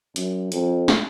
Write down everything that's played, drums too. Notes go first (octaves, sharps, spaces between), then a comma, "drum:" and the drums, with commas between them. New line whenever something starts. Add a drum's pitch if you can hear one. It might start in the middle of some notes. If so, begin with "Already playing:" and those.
F#2, drum: hi-hat
F2, drum: hi-hat
drum: snare